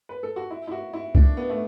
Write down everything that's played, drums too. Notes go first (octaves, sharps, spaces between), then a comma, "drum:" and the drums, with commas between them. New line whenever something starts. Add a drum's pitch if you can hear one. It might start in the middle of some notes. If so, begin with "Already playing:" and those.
B4
A4
F#4
E4
E4
F#4
E4
D4, drum: kick C2
B3
A3